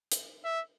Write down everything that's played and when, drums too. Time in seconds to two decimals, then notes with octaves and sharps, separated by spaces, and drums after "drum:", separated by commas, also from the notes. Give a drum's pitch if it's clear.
0.12 drum: hi-hat
0.45 E5